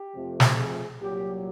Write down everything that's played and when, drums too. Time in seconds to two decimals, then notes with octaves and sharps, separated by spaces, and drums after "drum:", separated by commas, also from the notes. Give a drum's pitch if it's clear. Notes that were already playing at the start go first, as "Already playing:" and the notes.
Already playing: G4
0.13 F2 C3 F3 A3 C4
0.40 drum: snare
0.57 G#4
1.00 C2 A#2 F#3 G4